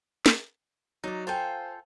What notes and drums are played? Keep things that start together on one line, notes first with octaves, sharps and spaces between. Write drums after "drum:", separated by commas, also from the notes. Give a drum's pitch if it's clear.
drum: snare
F#3 D#4 D5
F4 A4 C5 F5 G5 G#5